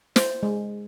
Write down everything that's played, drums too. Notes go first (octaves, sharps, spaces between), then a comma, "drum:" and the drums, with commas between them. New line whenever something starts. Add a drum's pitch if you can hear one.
C5, drum: snare
G#3